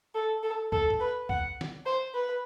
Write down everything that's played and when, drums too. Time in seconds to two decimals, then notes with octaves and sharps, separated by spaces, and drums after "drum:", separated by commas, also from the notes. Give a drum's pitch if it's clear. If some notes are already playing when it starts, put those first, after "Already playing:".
0.14 A4
0.43 A4
0.72 A4, drum: kick
0.90 drum: tom
1.00 B4
1.29 F#5, drum: kick
1.61 drum: snare
1.86 C5
2.14 B4